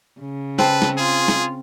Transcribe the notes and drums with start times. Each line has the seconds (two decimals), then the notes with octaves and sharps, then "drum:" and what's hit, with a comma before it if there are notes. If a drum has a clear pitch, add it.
0.21 C#3
0.59 C4 B4 A5, drum: snare
0.82 drum: snare
0.98 F4 G#4
1.28 drum: snare